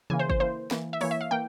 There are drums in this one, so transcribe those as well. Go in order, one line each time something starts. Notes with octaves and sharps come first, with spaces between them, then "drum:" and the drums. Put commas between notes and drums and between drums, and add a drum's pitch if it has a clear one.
C#3 E3 A#3 G#5
C5
C5, drum: kick
E3 A#3 C5
E3 A#3, drum: snare
E5
E3 A#3 C#5, drum: open hi-hat
E5
F5
E3 A#3 G5